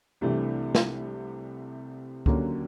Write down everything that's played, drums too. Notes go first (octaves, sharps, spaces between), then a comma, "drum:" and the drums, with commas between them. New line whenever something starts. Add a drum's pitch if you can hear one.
C2 C3 E3 A3 D4
drum: snare
D#2 D3 F#3 A#3 C#4, drum: kick C#2